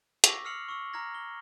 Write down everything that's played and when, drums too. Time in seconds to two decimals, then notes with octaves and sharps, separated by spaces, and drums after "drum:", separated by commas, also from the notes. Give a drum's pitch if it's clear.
0.24 C#6 D6 E6 A#6 B6, drum: hi-hat
0.45 E6 F6 C7 C#7 F7 F#7
0.68 C#6 E6
0.94 A#5 C#6 F6 G#6 A#6
1.14 G7